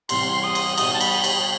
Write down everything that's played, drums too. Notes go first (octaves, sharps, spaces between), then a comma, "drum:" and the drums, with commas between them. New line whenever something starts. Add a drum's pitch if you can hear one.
C3 E3 G3 C6, drum: cymbal
D#6
drum: cymbal
B2 G3 D#4 D#6, drum: cymbal
A5
B5, drum: cymbal
drum: cymbal